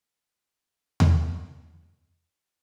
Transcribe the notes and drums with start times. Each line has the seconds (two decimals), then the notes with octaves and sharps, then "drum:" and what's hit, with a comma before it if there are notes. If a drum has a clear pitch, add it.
0.12 G#2 C3 G4 A4 A5
0.66 G#3
1.00 drum: tom E2
1.41 G4 A4 D5